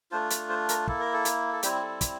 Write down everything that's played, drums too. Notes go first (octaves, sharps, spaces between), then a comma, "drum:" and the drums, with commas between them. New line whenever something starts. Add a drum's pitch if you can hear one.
A3 D4 F4 C5
D5, drum: hi-hat
C5
A#4, drum: hi-hat
A#3 E4 A4, drum: kick
A#4
A4
drum: hi-hat
A4
G3 C4 E4 G4, drum: hi-hat
A4
drum: kick, hi-hat